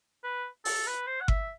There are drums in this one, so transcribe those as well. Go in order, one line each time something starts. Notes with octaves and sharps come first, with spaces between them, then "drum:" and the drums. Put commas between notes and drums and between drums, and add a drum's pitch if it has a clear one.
B4
A4, drum: open hi-hat
B4
C5
F#5
E5, drum: kick G1